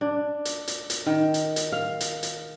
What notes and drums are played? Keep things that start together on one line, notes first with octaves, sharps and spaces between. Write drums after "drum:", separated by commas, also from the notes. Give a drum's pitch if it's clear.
D4
drum: hi-hat
drum: hi-hat
drum: hi-hat
D#3
drum: hi-hat
drum: hi-hat
F5
drum: hi-hat
drum: hi-hat